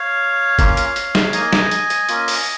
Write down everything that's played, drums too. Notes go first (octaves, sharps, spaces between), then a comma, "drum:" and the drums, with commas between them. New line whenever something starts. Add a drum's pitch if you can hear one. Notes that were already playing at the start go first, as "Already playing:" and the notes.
Already playing: C#5 F5
A#3 C#4 F4, drum: kick, hi-hat
drum: hi-hat
drum: hi-hat
drum: snare
A#3 D#4 D#5 G#5, drum: hi-hat
drum: snare
drum: hi-hat
drum: hi-hat
A#3 C#4 F4, drum: hi-hat
drum: open hi-hat